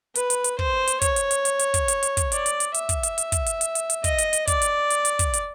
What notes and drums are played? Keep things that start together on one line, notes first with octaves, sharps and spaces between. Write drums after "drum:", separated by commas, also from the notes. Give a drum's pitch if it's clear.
B4, drum: hi-hat
drum: hi-hat
drum: hi-hat
C5, drum: kick
drum: hi-hat
C#5, drum: kick, hi-hat
drum: hi-hat
drum: hi-hat
drum: hi-hat
drum: hi-hat
drum: kick, hi-hat
drum: hi-hat
drum: hi-hat
drum: kick, hi-hat
D5, drum: hi-hat
drum: hi-hat
drum: hi-hat
E5, drum: hi-hat
drum: kick, hi-hat
drum: hi-hat
drum: hi-hat
drum: kick, hi-hat
drum: hi-hat
drum: hi-hat
drum: hi-hat
drum: hi-hat
D#5, drum: kick, hi-hat
drum: hi-hat
drum: hi-hat
D5, drum: kick, hi-hat
drum: hi-hat
drum: hi-hat
drum: hi-hat
drum: kick, hi-hat
drum: hi-hat